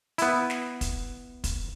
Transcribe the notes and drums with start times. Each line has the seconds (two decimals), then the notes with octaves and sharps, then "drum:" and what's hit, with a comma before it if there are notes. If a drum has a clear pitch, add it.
0.18 B3 E4, drum: hi-hat
0.50 drum: snare
0.81 drum: kick, hi-hat
1.44 drum: kick, hi-hat